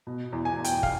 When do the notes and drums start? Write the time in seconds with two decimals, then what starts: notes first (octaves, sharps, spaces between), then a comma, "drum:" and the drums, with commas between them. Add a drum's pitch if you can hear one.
0.07 B2
0.32 E2
0.45 G#5
0.58 E2
0.64 G5, drum: hi-hat
0.83 F5, drum: kick